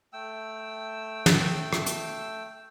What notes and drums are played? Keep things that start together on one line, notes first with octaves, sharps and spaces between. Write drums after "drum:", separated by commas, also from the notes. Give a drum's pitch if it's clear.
A3 G5 E6
drum: snare
drum: rim click
drum: hi-hat